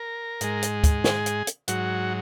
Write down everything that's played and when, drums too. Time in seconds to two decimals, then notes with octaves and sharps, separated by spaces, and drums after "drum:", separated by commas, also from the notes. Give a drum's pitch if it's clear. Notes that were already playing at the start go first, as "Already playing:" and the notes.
Already playing: A#4
0.41 G#2 G#3, drum: hi-hat
0.63 drum: hi-hat
0.84 drum: kick, hi-hat
1.04 G#4, drum: snare
1.26 drum: hi-hat
1.47 drum: hi-hat
1.68 G#2 F#3 F#4, drum: hi-hat